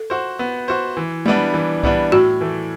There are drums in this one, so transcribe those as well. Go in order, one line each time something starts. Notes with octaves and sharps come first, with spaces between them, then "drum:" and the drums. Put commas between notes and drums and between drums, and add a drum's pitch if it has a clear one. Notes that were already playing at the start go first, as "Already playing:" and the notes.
Already playing: A4
F#4 C5
B3
F#4 C5
E3
G3 B3 D4, drum: tom G#3
E3
G3 B3 D4, drum: kick C2
A2 F#4
E3 A3